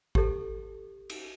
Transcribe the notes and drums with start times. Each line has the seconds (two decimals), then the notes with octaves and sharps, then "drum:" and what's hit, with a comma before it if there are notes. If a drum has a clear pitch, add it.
0.15 G4 A4, drum: kick G#1
1.10 drum: cymbal